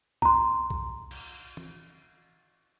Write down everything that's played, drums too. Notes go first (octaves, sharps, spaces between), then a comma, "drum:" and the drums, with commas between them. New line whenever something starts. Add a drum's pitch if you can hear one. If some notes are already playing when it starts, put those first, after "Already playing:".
A#5 C6, drum: kick B1
drum: kick B1
drum: cymbal
drum: tom